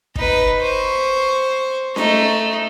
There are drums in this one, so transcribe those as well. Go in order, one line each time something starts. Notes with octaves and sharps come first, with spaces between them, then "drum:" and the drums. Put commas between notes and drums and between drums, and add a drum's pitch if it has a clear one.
D#4 B4, drum: kick
C5 C#6
A3 D#4, drum: snare C#4